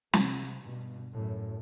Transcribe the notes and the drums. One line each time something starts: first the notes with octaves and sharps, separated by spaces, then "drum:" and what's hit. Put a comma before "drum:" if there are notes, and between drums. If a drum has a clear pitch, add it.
C3, drum: snare
G2 B2
F#2 A2